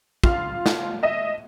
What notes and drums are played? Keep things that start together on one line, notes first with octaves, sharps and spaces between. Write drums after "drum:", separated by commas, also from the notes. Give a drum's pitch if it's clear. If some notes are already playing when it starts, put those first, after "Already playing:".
F4 F5, drum: kick
drum: snare
D#5 E5